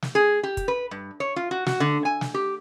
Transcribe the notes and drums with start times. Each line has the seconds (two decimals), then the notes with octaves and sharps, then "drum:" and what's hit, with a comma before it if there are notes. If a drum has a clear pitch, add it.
0.02 drum: snare
0.15 G#4
0.43 G4
0.57 drum: kick, hi-hat
0.68 B4
0.91 G2
1.20 C#5
1.36 F4
1.51 F#4
1.66 F#4, drum: snare
1.80 D3
2.05 G#5
2.21 drum: snare
2.34 G4